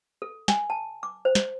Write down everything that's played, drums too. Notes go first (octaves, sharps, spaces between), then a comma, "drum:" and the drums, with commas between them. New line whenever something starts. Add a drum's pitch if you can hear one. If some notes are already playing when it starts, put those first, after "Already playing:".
A4
G#5, drum: snare
A5
D6
C5
drum: snare